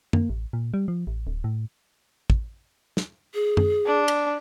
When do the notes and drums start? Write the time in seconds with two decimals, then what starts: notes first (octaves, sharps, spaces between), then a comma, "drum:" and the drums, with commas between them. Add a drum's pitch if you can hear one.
0.13 A#3, drum: tom F#2
0.29 A1
0.53 A#2
0.74 G3
0.88 F3
1.07 A1
1.27 D1
1.44 A2
2.30 drum: kick
2.97 drum: snare
3.34 G#4
3.57 drum: tom F#2
3.86 D4
4.08 drum: cymbal